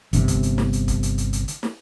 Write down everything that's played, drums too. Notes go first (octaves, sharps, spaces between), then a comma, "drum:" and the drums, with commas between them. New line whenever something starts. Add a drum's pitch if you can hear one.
G1 C3, drum: hi-hat
drum: kick, hi-hat
drum: hi-hat
drum: snare
drum: hi-hat
drum: kick, hi-hat
drum: hi-hat
drum: hi-hat
drum: hi-hat
drum: hi-hat
drum: snare